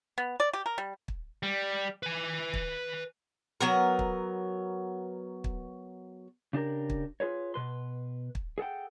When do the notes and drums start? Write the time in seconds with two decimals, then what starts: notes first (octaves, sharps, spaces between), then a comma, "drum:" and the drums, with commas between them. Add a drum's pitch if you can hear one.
0.18 B3
0.40 D5
0.53 G4
0.66 A#4
0.78 G3
1.08 drum: kick
1.43 G3
2.03 B4 G#5
2.54 drum: kick
3.61 F#3 B3 A#4
3.99 drum: kick
5.44 drum: kick
6.53 C#3 D4 G4 A#4
6.90 drum: kick
7.20 F4 G#4 B4 C#5
7.54 B2 B4 C6
8.35 drum: kick
8.58 G#4 A4 F#5 G5